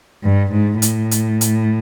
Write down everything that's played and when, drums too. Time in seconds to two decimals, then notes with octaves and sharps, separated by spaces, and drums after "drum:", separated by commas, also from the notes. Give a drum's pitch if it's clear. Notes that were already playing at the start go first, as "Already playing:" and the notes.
0.23 G2
0.52 G#2
0.82 A2, drum: hi-hat
1.11 drum: hi-hat
1.41 drum: hi-hat